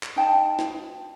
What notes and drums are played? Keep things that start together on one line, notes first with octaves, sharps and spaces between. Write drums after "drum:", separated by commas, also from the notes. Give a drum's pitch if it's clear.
drum: clap
D#4 G5 A5
drum: snare